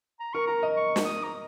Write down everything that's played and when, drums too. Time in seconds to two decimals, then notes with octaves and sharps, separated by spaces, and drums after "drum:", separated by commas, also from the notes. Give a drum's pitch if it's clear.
0.20 A#5
0.34 A#4 C#6
0.47 A#4 A#5
0.63 D#5
0.77 C#6
0.96 drum: snare
1.05 D#6
1.24 A#5